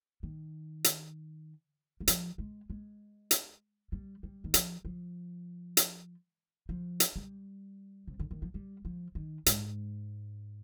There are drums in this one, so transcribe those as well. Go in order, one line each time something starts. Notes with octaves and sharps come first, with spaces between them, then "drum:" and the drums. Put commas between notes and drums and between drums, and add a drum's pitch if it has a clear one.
D#3
drum: hi-hat
G3
F3, drum: hi-hat
G#3
G#3
drum: hi-hat
G3
G3
D#3
F3, drum: hi-hat
F3
drum: hi-hat
F3
drum: hi-hat
G3
C3
D3
D#3
F3
G3
F3
D#3
G#2, drum: hi-hat